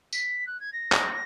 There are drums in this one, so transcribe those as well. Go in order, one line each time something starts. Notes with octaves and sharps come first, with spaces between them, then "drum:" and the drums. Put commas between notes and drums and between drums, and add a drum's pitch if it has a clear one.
B6, drum: tambourine
F#6
G#6
A#6
drum: clap